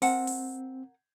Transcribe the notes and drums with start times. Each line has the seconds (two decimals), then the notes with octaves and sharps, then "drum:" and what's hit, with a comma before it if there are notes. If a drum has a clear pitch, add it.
0.02 C4 A#4 F#5 A5, drum: open hi-hat
0.27 drum: open hi-hat